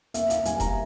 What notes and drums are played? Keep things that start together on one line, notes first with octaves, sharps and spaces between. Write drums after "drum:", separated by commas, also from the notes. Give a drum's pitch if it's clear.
A#3 E5, drum: hi-hat
F5, drum: hi-hat
G3 G#5, drum: hi-hat
A#5, drum: kick E1, hi-hat